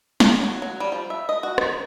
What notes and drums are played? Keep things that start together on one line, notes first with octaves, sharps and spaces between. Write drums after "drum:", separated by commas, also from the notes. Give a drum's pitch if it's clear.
C#5, drum: snare
F#3
F#3
G3
F3
E5
D#5
F#4
D#3, drum: rim click